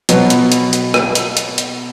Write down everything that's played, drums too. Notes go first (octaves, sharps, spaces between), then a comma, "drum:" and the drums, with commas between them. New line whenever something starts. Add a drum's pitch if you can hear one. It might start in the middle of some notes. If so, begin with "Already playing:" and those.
B2 F#3 B3, drum: hi-hat
drum: hi-hat
drum: hi-hat
drum: hi-hat
drum: rim click
drum: hi-hat
drum: hi-hat
drum: hi-hat